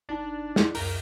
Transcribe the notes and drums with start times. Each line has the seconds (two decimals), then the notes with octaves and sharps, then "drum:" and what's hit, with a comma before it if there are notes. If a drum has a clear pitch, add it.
0.09 G#1 D4 D#4 A5
0.56 drum: snare
0.75 C#2 F#2 A#4, drum: open hi-hat